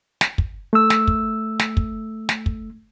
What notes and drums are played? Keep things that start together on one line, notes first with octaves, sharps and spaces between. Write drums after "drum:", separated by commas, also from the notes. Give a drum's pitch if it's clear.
drum: snare
drum: kick
A3 E6
drum: snare
drum: kick
drum: snare
drum: kick
drum: snare
drum: kick